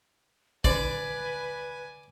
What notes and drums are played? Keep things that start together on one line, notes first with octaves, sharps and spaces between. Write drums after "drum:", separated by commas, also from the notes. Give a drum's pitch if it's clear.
D3 C#4 B4 C5 D5 G#5, drum: kick